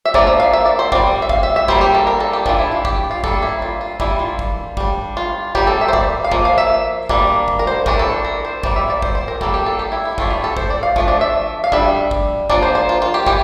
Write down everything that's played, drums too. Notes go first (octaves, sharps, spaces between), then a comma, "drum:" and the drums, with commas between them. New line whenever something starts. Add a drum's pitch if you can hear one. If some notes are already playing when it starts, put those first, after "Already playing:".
E5
F3 A#3 D4 D5, drum: kick
E5
F5
E5
D5
C5
G3 C4 D5, drum: kick
E5
F5, drum: kick
E5
E5
G3 A#3 D4 C5, drum: kick
G4
A4
A#4
A4
G4
E3 A#3 D4 F4, drum: kick
E4
F4
G4, drum: kick
F4
G3 A#3 D4 A4, drum: kick
E4
F4
F4
E3 G3 A#3 D4 E4, drum: kick
F4
drum: kick
G3 D4, drum: kick
F4
G3 A#3 D4 G4, drum: kick
A4
E5
C5
D5, drum: kick
F5
F3 A#3, drum: kick
F5
E5
G3 A#3 D4, drum: kick
drum: kick
A#4
C5
E3 A3 D4 A#4, drum: kick
A4
A#4
C5
E3 G3 A#3 D5, drum: kick
E5
D5
C5, drum: kick
C5
A#4
G3 A#3 D4 A4, drum: kick
G4
A4
G4
E4
E4
E3 A3 D4 F4, drum: kick
G4
A4
C5, drum: kick
D5
F5
F3 A3 D4, drum: kick
D5
E5
F5
G3 D4 E5, drum: kick
drum: kick
F3 A#3 D4 D5, drum: kick
C5
C5
F4
F4
G4
E3 G4, drum: kick